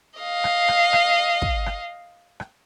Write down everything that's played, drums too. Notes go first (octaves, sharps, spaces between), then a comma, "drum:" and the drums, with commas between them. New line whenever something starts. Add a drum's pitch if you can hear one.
D#5 F5
drum: rim click
drum: rim click
drum: rim click
drum: kick
drum: rim click
drum: rim click